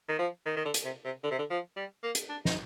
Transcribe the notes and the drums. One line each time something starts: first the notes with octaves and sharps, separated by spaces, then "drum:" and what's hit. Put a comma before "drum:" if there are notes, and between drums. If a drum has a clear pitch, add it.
D#3
F3
D#3
D#3
D3
drum: hi-hat
C3
C3
D3
C3
D3
F3
G3
A#3
drum: hi-hat
D4
D#4, drum: snare